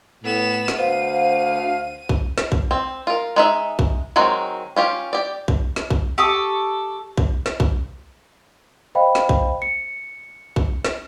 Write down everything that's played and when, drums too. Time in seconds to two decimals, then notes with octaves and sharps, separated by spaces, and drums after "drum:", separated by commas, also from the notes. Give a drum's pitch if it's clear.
0.24 A2 B3 E7
0.68 drum: snare
0.78 D2 C5 F5 F#5 D#7
2.09 drum: kick B1
2.38 drum: snare
2.52 drum: kick B1
2.71 C4
3.07 F4 A#4
3.36 G#3 D#4 E5
3.79 drum: kick B1
4.16 D#3 F#3 G#3 C4
4.76 C#4 F4 G4
5.13 G4 D5
5.48 drum: kick B1
5.76 drum: snare
5.90 drum: kick B1
6.18 G4 A4 C#6 D#6
7.18 drum: kick B1
7.46 drum: snare
7.60 drum: kick B1
8.95 C5 D#5 F5 G5 B5
9.15 drum: snare
9.29 drum: kick B1
9.62 C#7
10.56 drum: kick B1
10.85 drum: snare